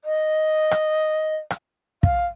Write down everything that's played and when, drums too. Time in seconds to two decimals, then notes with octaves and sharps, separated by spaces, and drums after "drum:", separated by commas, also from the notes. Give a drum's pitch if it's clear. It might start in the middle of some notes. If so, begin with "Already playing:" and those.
0.04 D#5
0.71 drum: rim click
1.50 drum: rim click
2.03 F5, drum: kick